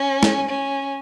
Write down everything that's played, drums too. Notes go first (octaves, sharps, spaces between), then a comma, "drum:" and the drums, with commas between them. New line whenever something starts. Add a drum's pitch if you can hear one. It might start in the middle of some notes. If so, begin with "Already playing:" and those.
Already playing: C#4
drum: snare
C#4